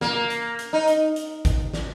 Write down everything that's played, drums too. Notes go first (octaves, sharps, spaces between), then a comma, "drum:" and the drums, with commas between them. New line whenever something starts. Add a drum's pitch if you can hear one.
A#3, drum: snare
drum: hi-hat
drum: hi-hat
D#4
drum: hi-hat
drum: hi-hat
drum: kick G#1, hi-hat
drum: snare